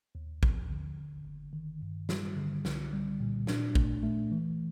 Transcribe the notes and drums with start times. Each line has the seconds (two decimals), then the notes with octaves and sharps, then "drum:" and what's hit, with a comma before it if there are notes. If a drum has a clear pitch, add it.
0.15 D#2
0.43 F3, drum: kick A1
0.70 D3
0.98 G1
1.25 G1
1.53 D#3
1.81 G2
2.09 G3, drum: snare
2.37 D3
2.65 C2, drum: snare
2.93 G3
3.20 A#2
3.47 D4, drum: snare
3.75 A3, drum: kick A1
4.03 A3
4.32 E3